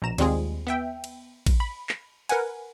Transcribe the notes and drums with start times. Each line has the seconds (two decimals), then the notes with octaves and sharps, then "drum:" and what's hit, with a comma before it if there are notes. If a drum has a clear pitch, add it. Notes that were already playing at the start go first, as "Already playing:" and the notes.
0.02 A#1 B2 A#5 E7
0.18 D#2 G3 G#3 C4 F4 G#4, drum: cymbal
0.67 B3 E5 G5
1.04 drum: cymbal
1.46 drum: kick, cymbal
1.60 B5
1.89 drum: clap
2.29 A#4 B4 F#5 G#5, drum: cymbal